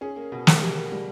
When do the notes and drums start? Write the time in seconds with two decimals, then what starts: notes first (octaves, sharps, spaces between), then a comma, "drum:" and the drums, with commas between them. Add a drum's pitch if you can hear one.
0.01 C#4 G#4
0.16 A#3
0.32 B2
0.47 A#3, drum: snare
0.62 A#3 G4
0.77 A#3
0.92 G3